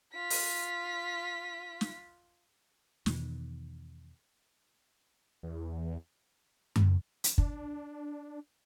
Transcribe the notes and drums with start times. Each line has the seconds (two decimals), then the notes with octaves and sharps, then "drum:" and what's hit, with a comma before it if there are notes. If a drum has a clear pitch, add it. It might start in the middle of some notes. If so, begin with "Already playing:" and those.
0.14 F4 B6
0.30 drum: open hi-hat
1.81 drum: snare
3.06 E2 B2 D#3, drum: snare
5.43 E2
6.76 drum: tom F#2
7.24 drum: hi-hat
7.38 D4, drum: kick